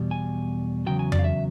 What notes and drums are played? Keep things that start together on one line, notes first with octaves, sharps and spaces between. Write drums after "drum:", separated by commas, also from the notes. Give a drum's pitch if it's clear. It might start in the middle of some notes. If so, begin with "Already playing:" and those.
Already playing: E2 B2 G3
G#5
E2 C#3 F#3 G5
G#5
D5, drum: tom F2
F5
E5